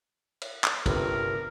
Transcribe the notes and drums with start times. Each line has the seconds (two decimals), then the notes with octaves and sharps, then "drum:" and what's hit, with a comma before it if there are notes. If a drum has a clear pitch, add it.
0.42 drum: cymbal
0.64 drum: clap
0.86 G1 A2 C3 A#4, drum: kick, cymbal